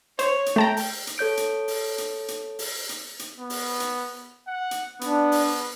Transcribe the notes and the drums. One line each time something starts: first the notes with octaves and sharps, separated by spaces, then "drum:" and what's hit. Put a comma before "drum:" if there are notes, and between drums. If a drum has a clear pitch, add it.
C5 C#5, drum: hi-hat
drum: hi-hat
A3 G5 A5 A#5
drum: open hi-hat
drum: hi-hat
A4 C#5 G6 D7
drum: hi-hat
drum: open hi-hat
drum: hi-hat
drum: hi-hat
drum: open hi-hat
drum: hi-hat
drum: hi-hat
B3
drum: open hi-hat
drum: hi-hat
F#5
drum: hi-hat
B3 D4, drum: hi-hat
drum: open hi-hat